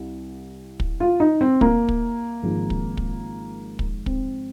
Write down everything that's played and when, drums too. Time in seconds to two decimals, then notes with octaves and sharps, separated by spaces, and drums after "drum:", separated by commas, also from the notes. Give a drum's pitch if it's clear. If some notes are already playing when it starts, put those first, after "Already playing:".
Already playing: C2
0.80 drum: kick
1.00 F4
1.20 D#4
1.41 C4
1.61 A#3, drum: kick
1.89 drum: kick
2.42 G#1 G#2 F3 G#3
2.70 drum: kick
2.97 drum: kick
3.79 drum: kick
4.06 C4, drum: kick